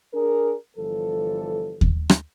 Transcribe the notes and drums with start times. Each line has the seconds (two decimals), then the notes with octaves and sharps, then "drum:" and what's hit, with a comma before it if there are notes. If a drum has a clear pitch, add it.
0.14 D4 G#4 A#4
0.77 G1 E3 F3 G3 A4
1.81 drum: kick D#2
2.09 drum: rim click